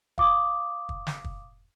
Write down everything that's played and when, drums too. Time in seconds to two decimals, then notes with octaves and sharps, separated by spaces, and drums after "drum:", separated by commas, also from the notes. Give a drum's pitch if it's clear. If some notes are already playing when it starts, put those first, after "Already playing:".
0.18 F5 D6 D#6, drum: kick
0.89 drum: kick
1.07 drum: snare
1.24 drum: kick